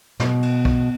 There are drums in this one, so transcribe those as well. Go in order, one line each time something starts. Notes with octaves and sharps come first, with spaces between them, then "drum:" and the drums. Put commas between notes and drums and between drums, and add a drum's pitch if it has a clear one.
B2, drum: snare
drum: cymbal
drum: kick